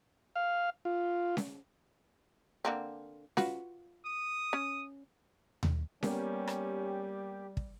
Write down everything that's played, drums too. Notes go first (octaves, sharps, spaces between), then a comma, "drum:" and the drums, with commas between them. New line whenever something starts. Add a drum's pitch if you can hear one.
F5
F4
drum: snare C#4
D3 A#3 C4
F4 F#4 B4, drum: snare C#4
D#6
C#4
drum: tom D#2
G3 A#3 B3 C#4 G4, drum: snare C#4
drum: rim click
drum: kick